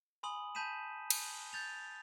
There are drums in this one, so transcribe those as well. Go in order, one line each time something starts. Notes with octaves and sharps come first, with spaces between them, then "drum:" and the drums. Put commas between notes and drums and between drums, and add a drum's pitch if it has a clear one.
G#5 B5 C6 D#6 F#7
A5 B5 G6 B6 D#7 E7
drum: cymbal
G6 A6 F7